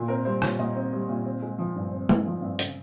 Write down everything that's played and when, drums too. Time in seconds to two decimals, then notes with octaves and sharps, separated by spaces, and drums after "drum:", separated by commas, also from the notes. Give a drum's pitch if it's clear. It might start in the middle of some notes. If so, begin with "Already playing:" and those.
Already playing: A#2
0.08 C4 A#4
0.25 G3 C5
0.42 A#2 C#5, drum: rim click
0.59 A#2 D#5
0.75 C4
0.93 G3
1.09 A#2
1.25 C4
1.42 G#3
1.58 F3
1.76 G2
1.92 C4
2.09 G#3, drum: tom G#3
2.26 F3
2.42 G2
2.59 C#3, drum: hi-hat